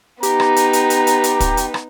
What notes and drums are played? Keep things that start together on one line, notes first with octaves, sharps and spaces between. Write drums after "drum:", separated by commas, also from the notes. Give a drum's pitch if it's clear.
B3 D#4 G4 A#5, drum: hi-hat
drum: rim click
drum: hi-hat
drum: hi-hat
drum: hi-hat
drum: hi-hat
drum: hi-hat
drum: kick, hi-hat
drum: hi-hat
drum: rim click